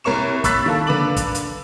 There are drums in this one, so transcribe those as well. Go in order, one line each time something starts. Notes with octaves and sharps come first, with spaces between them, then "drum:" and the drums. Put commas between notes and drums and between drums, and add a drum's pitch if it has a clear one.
C2 A#4 C#5 C#6 E7
B5 C#6 E6 F#6 A6 B6, drum: kick, hi-hat
D#3 A#3 A4
D3 A#3 B4 B5 D6 F#7
drum: kick, hi-hat
drum: hi-hat